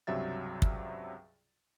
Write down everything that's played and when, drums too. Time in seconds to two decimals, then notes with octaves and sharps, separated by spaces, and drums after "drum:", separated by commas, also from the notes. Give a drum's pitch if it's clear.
0.07 C#2 G2 C3 F#3 E5 A6
0.62 drum: kick